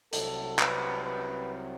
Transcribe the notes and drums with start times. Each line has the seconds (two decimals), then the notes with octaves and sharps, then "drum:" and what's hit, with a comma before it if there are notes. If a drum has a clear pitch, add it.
0.13 C2 C3 F#3 A4, drum: hi-hat
0.59 B4, drum: clap
1.04 B4